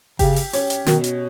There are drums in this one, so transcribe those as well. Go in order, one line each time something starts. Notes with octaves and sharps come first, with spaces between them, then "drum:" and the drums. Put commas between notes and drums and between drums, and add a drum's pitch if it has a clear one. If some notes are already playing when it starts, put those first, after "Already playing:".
C#3 G4, drum: kick G1, open hi-hat
drum: open hi-hat
C#4, drum: open hi-hat
drum: hi-hat
B2 D#3, drum: snare
drum: hi-hat